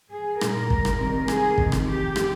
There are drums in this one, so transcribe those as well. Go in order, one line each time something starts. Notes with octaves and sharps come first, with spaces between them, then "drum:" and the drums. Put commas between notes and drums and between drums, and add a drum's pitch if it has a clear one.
G#4
A#2 G3 A#4, drum: rim click
drum: kick
drum: rim click
C3 D#3 G3
G#4, drum: rim click
F2 C3 D#3 G#3, drum: kick
drum: rim click
G4
drum: rim click